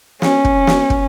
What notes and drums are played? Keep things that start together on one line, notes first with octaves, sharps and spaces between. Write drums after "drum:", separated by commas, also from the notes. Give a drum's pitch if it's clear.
C#4, drum: snare
drum: kick
drum: snare
drum: kick